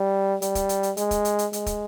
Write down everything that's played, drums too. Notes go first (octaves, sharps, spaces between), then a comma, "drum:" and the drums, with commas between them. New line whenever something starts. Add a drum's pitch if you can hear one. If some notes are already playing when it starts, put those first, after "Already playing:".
Already playing: G3
G3, drum: hi-hat
drum: kick, hi-hat
drum: hi-hat
drum: hi-hat
G#3, drum: hi-hat
drum: kick, hi-hat
drum: hi-hat
drum: hi-hat
G#3, drum: hi-hat
drum: kick, hi-hat